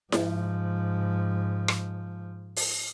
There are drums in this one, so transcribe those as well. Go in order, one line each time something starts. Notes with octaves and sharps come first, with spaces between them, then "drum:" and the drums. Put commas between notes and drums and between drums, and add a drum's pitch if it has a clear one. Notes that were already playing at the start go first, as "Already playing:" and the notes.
G#2 F3, drum: snare E4
drum: rim click
drum: open hi-hat